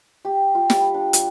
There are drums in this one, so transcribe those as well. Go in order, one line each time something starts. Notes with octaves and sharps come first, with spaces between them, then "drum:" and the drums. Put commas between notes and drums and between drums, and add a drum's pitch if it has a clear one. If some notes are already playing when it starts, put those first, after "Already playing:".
G4
F4
G3, drum: snare
D4
drum: hi-hat